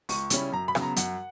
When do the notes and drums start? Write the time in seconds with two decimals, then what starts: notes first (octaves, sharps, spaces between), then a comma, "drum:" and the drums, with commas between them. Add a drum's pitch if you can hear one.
0.09 C#2 C#6, drum: open hi-hat
0.30 C#3 G3 C#4 E4, drum: hi-hat
0.52 F#2 A#5
0.68 B5
0.75 C#3 F#3 B3, drum: rim click
0.82 A#5
0.96 F#2 F#5, drum: hi-hat